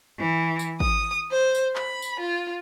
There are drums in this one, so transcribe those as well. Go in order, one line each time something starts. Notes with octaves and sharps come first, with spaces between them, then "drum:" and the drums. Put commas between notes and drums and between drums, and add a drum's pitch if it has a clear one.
E3
drum: tambourine
D#6, drum: kick
C5
drum: tambourine
B5, drum: clap
drum: tambourine
F4